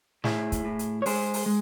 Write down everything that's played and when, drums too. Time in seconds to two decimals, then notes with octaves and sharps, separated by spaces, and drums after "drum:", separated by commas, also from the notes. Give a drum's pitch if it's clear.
0.24 A2 E4 G#4, drum: snare
0.52 drum: kick, hi-hat
0.65 A2
0.79 drum: hi-hat
1.02 C#5
1.06 G#3 G#4 C5, drum: open hi-hat
1.34 drum: open hi-hat
1.46 G#3